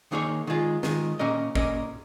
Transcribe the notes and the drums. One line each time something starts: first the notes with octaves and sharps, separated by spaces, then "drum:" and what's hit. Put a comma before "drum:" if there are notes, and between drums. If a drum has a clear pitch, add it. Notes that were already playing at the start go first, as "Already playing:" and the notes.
D#3 A#3 D#4 G#4 C#5
D#3 G#3 F4
D#3 G#3 F4, drum: snare
A#2 A#3 C#4 A#4 D#5
A#2 A#3 C#4 A#4 D#5, drum: kick G#1